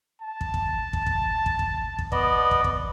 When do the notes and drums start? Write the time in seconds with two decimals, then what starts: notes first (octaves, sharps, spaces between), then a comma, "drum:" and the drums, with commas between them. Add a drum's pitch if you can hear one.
0.22 A5
0.41 drum: kick
0.54 drum: kick
0.93 drum: kick
1.06 drum: kick
1.46 drum: kick
1.59 drum: kick
1.99 drum: kick
2.12 B3 D5 D#5, drum: kick
2.51 drum: kick
2.64 drum: kick